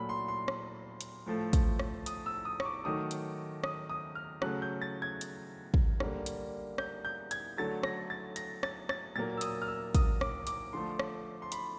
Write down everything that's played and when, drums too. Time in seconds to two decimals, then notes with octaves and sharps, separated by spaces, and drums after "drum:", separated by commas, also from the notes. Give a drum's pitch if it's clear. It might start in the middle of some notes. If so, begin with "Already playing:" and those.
Already playing: A#2 F#3 A3 B5
0.09 C6
0.28 C6
0.48 drum: rim click
1.01 drum: hi-hat
1.26 A2 F3 A3
1.53 drum: kick, hi-hat
1.79 drum: rim click
2.06 D#6, drum: hi-hat
2.26 E6
2.45 D#6
2.60 C#6, drum: rim click
2.65 D6
2.84 D#3 F#3 A3 D#6
3.11 drum: hi-hat
3.64 D#6, drum: rim click
3.90 D#6
4.15 F6
4.42 C#3 F#3 A3 F#6, drum: rim click
4.62 G6
4.82 A6
5.02 G#6
5.21 drum: hi-hat
5.74 drum: kick
6.00 D3 G3 A#3, drum: rim click
6.26 drum: hi-hat
6.78 G6, drum: rim click
7.05 G6
7.31 G#6, drum: hi-hat
7.57 D3 F#3 A3 A6
7.83 A#6, drum: rim click
8.10 A6
8.36 A#6, drum: hi-hat
8.63 A6, drum: rim click
8.89 A6, drum: rim click
9.15 A#2 F#3 A#3 A6
9.37 E6
9.41 D#6, drum: hi-hat
9.62 F6
9.68 E6
9.95 D#6, drum: kick, hi-hat
10.21 D6, drum: rim click
10.47 D6, drum: hi-hat
10.73 D3 F3 A3 C6
10.99 drum: rim click
11.42 C6
11.52 B5, drum: hi-hat